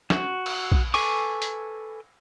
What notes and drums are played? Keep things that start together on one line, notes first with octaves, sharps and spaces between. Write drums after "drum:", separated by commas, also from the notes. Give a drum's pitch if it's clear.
F#4, drum: snare
drum: cymbal
drum: kick
A4 B4 G#5 C#6 D6, drum: open hi-hat
drum: hi-hat